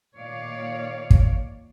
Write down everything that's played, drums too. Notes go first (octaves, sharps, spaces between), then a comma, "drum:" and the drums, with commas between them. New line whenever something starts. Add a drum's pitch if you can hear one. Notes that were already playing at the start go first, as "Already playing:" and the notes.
A#2 D#3 C#5 D5 F5
drum: kick